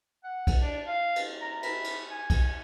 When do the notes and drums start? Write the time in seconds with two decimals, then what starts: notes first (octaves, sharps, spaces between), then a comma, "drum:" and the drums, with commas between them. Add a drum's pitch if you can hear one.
0.24 F#5
0.47 drum: kick, cymbal
0.62 D4
0.87 F5
1.16 drum: cymbal
1.42 A#5
1.63 E4, drum: cymbal
1.84 drum: cymbal
2.11 G#5
2.30 drum: kick, cymbal